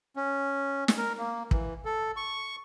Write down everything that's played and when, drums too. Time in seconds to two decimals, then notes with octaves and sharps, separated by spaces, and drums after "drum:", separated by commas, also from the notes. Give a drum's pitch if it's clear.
0.16 C#4
0.88 drum: snare
0.97 A#4
1.18 A#3
1.51 E3, drum: kick
1.85 A4
2.16 C#6